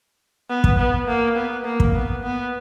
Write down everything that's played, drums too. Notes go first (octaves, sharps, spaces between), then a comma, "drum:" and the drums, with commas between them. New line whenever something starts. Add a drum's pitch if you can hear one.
B3
drum: kick
B3
A#3
B3
A#3
drum: kick
B3
B3